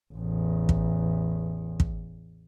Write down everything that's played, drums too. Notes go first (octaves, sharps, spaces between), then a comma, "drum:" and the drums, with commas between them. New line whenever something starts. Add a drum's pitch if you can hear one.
A1 E2
drum: kick
drum: kick